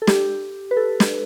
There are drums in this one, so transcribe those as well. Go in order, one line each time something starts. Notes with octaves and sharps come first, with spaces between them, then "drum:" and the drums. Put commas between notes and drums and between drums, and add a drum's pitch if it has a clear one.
A4
G4, drum: snare
B4
A4
drum: snare